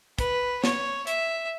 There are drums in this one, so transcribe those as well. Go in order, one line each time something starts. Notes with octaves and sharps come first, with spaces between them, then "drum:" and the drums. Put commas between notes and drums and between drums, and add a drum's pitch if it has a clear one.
B4, drum: kick, hi-hat
C#5, drum: snare
E5, drum: hi-hat